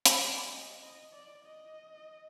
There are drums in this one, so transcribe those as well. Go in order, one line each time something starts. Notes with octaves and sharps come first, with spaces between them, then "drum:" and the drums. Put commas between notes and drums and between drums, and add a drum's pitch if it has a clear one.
drum: hi-hat
D5
D#5
D#5
D5
D#5